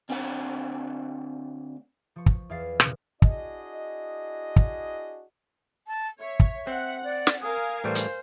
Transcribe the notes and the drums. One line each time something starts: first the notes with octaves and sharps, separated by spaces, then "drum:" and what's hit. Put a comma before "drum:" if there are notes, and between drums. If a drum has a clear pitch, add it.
D2 C4 D4 B4 F#5
F3 C#6
drum: kick
E2 E5 F5 A6 C7
D#1 C#2 B2, drum: rim click
D4 E4 F#4 G#4 D#5, drum: kick
drum: kick
A5
C#5 E5
drum: kick
C4 F#5
D5
drum: snare
A#4 F5 G#5 D#6
A2 E3 G3 C5
drum: hi-hat